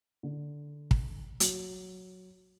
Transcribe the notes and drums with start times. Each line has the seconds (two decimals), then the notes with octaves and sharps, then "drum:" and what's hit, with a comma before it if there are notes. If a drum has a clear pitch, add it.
0.23 D3
0.91 drum: kick
1.40 F#3, drum: hi-hat